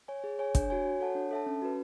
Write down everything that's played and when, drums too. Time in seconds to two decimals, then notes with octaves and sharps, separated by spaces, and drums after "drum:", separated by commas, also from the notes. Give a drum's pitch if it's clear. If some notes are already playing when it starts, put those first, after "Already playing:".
0.08 C#5 G#5
0.24 G#4
0.39 C#5 G#5
0.55 D4, drum: kick, hi-hat
0.70 F#4 C#5 G#5
0.85 F#4
1.00 A4 C#5 F#5 A5
1.15 D4
1.31 A4 E5 A5
1.46 C#4
1.62 F#4 B4